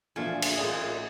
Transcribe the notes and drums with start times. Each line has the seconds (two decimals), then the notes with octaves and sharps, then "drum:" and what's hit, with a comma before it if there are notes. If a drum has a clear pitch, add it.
0.16 D2 A#2 F3 A3 D4 F5 G#5
0.42 drum: cymbal
0.56 A1 F#2 A#2 G#4 D#5